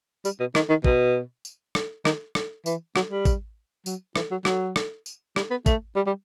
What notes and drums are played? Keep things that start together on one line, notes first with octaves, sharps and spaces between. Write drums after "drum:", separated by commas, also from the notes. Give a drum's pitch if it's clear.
G3, drum: tambourine
B2
D#3, drum: rim click
D#3
B2, drum: kick
drum: tambourine
drum: rim click
D#3, drum: rim click
drum: rim click
E3, drum: tambourine
F#3, drum: rim click
G3
drum: kick, tambourine
F#3, drum: tambourine
E3, drum: rim click
F#3
F#3, drum: rim click
drum: rim click
drum: tambourine
G3, drum: rim click
B3
A3, drum: kick, tambourine
G3
G3